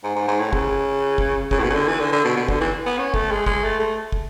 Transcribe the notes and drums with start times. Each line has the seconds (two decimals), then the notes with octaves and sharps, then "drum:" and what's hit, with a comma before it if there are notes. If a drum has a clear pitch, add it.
0.04 G#2
0.15 G#2
0.28 G#2
0.40 A2
0.53 C#3, drum: kick
1.18 drum: kick
1.51 C#3, drum: kick
1.59 A2
1.64 B2
1.70 C#3
1.75 D3
1.88 E3
2.00 D3
2.12 D3
2.25 B2
2.37 B2
2.49 D3, drum: kick
2.61 E3
2.86 B3
2.98 C#4
3.14 A3, drum: kick
3.31 G#3
3.46 G#3, drum: kick
3.64 A3
3.79 A3
4.12 drum: kick